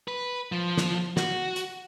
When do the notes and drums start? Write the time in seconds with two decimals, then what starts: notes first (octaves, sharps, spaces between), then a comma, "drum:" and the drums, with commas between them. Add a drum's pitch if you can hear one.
0.08 B4
0.52 F3
0.77 drum: snare
1.17 F#4, drum: snare
1.56 drum: hi-hat